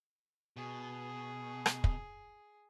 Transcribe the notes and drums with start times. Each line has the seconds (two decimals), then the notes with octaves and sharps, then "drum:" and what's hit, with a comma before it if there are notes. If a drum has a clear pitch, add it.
0.56 B2 G#4
1.66 drum: rim click
1.84 drum: kick